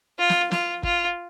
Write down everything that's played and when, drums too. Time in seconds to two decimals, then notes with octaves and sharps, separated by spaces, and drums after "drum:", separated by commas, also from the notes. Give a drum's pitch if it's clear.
0.19 F4
0.30 drum: snare
0.51 F4, drum: snare
0.83 F4, drum: kick